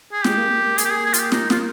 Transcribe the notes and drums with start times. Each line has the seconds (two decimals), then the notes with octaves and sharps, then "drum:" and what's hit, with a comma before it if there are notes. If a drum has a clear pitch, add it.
0.12 G#4
0.24 G#3 G4, drum: snare
0.38 A#3
0.51 A#3
0.64 A#3
0.78 A#3 G#4, drum: hi-hat
0.85 G4
0.92 G#4
1.05 G#4
1.14 F4, drum: hi-hat
1.19 G4
1.32 D#4, drum: snare
1.50 F4, drum: snare